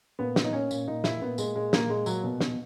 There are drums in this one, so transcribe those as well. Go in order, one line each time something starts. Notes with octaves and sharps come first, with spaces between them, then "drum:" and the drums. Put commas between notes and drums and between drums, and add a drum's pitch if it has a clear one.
A#2 B3
A#2, drum: snare
D#4
A#2 C#4
A#2, drum: tambourine
A#2 D#4
A#2 E4, drum: snare
A#2 B3
A#2 G#3, drum: tambourine
A#2 G#3
A#2 A#3, drum: snare
A#2 G#3
A#2 F#3, drum: tambourine
B2
B2, drum: snare